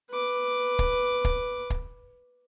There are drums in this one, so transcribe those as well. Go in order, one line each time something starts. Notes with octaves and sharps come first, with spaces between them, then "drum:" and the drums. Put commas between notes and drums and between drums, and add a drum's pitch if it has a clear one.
B4 D6
drum: kick
drum: kick
drum: kick